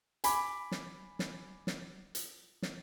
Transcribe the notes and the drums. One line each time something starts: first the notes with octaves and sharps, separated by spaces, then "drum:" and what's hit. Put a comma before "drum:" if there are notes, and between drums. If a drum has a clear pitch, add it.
G#5 B5 D6, drum: hi-hat
drum: snare
drum: snare
drum: snare
drum: hi-hat
drum: snare